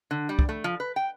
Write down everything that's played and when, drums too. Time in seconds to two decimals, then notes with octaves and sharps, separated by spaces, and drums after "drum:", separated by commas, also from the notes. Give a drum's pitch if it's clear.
0.11 D3
0.29 G3
0.39 drum: kick
0.49 A3
0.64 F3
0.80 B4
0.96 G5